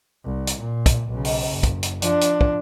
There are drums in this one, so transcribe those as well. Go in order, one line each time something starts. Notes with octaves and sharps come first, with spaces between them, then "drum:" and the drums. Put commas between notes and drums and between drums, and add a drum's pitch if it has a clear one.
C2
drum: hi-hat
A#2
drum: kick, hi-hat
B1 C#3
drum: open hi-hat
F#1
drum: kick, hi-hat
drum: hi-hat
F3 D4, drum: hi-hat
drum: hi-hat
drum: kick